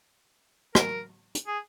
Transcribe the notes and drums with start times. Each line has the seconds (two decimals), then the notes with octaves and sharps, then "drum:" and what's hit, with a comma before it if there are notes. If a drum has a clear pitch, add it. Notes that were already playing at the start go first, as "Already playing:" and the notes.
0.75 A#4, drum: rim click
1.35 drum: hi-hat
1.47 G#4